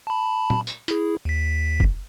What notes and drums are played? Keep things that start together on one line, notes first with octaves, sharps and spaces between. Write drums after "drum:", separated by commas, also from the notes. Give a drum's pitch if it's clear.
A5 B5
drum: tom
drum: tambourine
E4 G#4, drum: hi-hat
D#2 B6
drum: kick